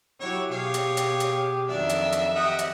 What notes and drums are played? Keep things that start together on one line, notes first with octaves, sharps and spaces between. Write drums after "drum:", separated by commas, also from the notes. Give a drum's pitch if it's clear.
F#3 E4 G4 C#5
B2 G4 G#4 C#5 F5
drum: hi-hat
drum: hi-hat
drum: hi-hat
F2 D#3 F#3 D4 E5
drum: hi-hat
drum: hi-hat
G4 D#5 F#5
drum: hi-hat